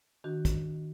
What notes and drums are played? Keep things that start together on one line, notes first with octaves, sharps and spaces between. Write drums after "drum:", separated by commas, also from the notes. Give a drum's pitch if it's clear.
D#3 D4 F#4
drum: kick, hi-hat